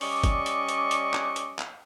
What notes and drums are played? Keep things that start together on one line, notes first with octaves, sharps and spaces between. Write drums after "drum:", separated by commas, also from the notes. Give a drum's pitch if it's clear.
G3 C#4 D5 D#5 C#6 D6, drum: open hi-hat
drum: kick G1, hi-hat
drum: hi-hat
drum: hi-hat
drum: hi-hat
drum: clap
drum: hi-hat
drum: clap